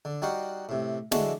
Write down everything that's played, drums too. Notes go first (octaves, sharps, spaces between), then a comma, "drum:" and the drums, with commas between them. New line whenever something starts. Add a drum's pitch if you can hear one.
D3
G3 D#4 F#4 G4 F5 F#5
A2 C3
D3 G#3 E4 F#4 A4 D5, drum: snare